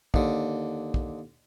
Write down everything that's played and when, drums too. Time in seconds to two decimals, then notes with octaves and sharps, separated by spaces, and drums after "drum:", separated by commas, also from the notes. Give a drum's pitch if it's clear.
0.14 D#2 D3, drum: kick
0.94 drum: kick